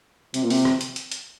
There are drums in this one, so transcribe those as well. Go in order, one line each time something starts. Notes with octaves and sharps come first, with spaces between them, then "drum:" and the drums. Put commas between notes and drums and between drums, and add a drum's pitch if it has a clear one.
C3, drum: hi-hat
A#2
C3, drum: open hi-hat
drum: rim click
drum: hi-hat
drum: hi-hat
drum: hi-hat